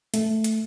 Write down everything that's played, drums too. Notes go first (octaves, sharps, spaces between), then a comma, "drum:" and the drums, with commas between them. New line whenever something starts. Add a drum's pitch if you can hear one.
A3, drum: hi-hat
drum: hi-hat